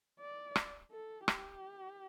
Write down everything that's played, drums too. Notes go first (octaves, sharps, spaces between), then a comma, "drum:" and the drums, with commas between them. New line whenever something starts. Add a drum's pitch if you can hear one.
D5
drum: rim click
A4
G4, drum: rim click